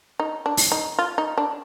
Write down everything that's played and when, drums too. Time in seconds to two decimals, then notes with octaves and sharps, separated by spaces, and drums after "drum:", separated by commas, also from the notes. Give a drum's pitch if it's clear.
0.20 D#4
0.46 D4
0.57 drum: open hi-hat
0.72 D#4
0.99 F4
1.18 D#4
1.38 D4